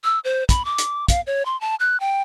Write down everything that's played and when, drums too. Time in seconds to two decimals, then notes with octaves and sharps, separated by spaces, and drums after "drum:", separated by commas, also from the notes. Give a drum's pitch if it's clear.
0.04 E6
0.24 C5
0.49 B5, drum: kick, hi-hat
0.65 D6
0.78 drum: hi-hat
1.08 F5, drum: kick, hi-hat
1.27 C#5
1.45 C6
1.61 A5
1.80 F#6
2.00 G5